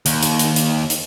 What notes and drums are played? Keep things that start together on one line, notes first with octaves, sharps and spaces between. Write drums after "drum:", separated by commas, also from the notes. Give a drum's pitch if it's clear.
D#2, drum: hi-hat
drum: hi-hat
drum: hi-hat
drum: hi-hat
drum: hi-hat